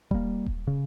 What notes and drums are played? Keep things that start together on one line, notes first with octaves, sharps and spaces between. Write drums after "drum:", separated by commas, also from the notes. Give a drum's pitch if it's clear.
G3 A#3, drum: kick D#1
drum: kick D#1
C#3